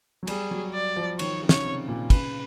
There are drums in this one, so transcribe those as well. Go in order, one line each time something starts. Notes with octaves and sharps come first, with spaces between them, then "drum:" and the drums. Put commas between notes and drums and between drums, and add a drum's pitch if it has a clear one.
F#3
G3 G#4, drum: cymbal
F#3
D5
F3
D#3 C#5, drum: cymbal
C#3
C#5, drum: snare
C3
A#2
C#3 B4, drum: kick, cymbal